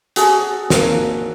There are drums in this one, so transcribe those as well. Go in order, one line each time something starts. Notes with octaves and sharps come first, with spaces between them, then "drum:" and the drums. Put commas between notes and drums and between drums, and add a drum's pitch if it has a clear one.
F#4 G#4 A4, drum: hi-hat
A#3, drum: snare